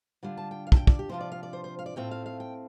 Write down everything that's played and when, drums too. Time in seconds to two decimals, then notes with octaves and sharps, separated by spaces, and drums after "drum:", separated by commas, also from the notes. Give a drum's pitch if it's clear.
0.23 D3 G3 D4 F4
0.37 A5
0.51 G5
0.67 F5
0.72 A5, drum: kick
0.77 G5
0.87 D5, drum: kick
0.99 G4
1.09 C3 F3 D4 F4 C5
1.21 D5
1.32 F5
1.43 D5
1.53 C5
1.64 C5
1.79 F5
1.86 D5
1.96 A2 A3 C4 F4 G5
2.11 F5
2.26 F5
2.40 G5